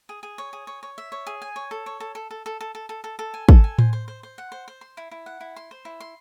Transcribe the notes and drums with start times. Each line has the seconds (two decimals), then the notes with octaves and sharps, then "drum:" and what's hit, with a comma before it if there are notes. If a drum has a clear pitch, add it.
0.09 G#4
0.23 G#4
0.38 C#5
0.53 G#4
0.67 C#5
0.83 C#5
0.98 E5
1.12 C#5
1.27 G#4
1.42 G#5
1.56 C#5
1.71 A4
1.86 C#5
2.00 A4
2.15 A4
2.31 A4
2.46 A4
2.61 A4
2.75 A4
2.89 A4
3.04 A4
3.19 A4
3.34 G#5
3.49 A4, drum: kick
3.64 G#5
3.78 C5, drum: tom A2
3.93 C5
4.08 C5
4.23 C5
4.38 F#5
4.52 C5
4.68 C5
4.81 C6
4.97 E4
5.11 E4
5.26 F#5
5.41 E4
5.56 C6
5.71 C5
5.85 E4
6.00 C6